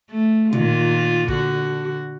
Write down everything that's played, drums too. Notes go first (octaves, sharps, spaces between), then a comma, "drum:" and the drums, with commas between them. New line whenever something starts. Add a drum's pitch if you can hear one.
A3
A#2 D#3 F4, drum: tom
D3 F#4, drum: kick